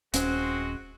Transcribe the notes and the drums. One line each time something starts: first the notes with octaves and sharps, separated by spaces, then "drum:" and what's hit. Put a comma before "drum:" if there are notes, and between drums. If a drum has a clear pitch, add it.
D#1 G#3 C4 C#4 F#4, drum: hi-hat